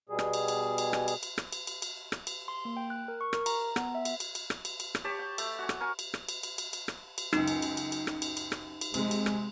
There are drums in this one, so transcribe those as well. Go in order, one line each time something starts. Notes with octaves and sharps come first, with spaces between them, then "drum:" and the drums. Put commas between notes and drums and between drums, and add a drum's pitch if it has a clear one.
B2 G3 G#4
drum: rim click
drum: cymbal
drum: cymbal
drum: cymbal
drum: rim click
drum: cymbal
drum: cymbal
drum: rim click
drum: cymbal
drum: cymbal
drum: cymbal
drum: rim click
drum: cymbal
C6
A#3
G5
F#6
A#4
C#6
A#4, drum: rim click
A#5, drum: cymbal
A#5
B3, drum: rim click
E5
drum: cymbal
drum: cymbal
drum: cymbal
drum: rim click
drum: cymbal
drum: cymbal
drum: rim click
G4 C#5 A5
G5
A3, drum: cymbal
F#4 G#5
drum: rim click
A#4 G#5 C#6
drum: cymbal
drum: rim click
drum: cymbal
drum: cymbal
drum: cymbal
drum: cymbal
drum: rim click
drum: cymbal
C#2 F#2 D#4, drum: rim click
drum: cymbal
drum: cymbal
drum: cymbal
drum: cymbal
drum: rim click
drum: cymbal
drum: cymbal
drum: rim click
drum: cymbal
C3 G#3, drum: cymbal
drum: cymbal
drum: rim click